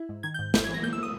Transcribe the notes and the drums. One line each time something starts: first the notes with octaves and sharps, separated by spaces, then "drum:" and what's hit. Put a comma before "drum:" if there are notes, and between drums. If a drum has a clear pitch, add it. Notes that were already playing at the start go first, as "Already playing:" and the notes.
Already playing: E4
G#2
D#3 G#6
G6
G#2
G#1 G6, drum: snare
G#6
E3
A#6
A#3 G6
E6
A#3 D#6